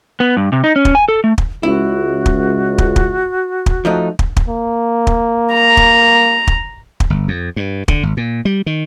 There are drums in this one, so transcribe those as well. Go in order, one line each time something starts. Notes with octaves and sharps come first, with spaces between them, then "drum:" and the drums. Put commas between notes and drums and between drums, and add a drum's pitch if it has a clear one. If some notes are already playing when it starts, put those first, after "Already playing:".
B3
G2
C3
D#4
C#4
drum: kick
G#5
A4
A3
drum: kick
C#2 E4 F#4
drum: kick
drum: kick
drum: kick
drum: kick
F3 A3 D#4
drum: kick
drum: kick
A#3
drum: kick
A#5
drum: kick
drum: kick
drum: kick
G1
F2
G2
D3, drum: kick
G#1
A#2
G3
D#3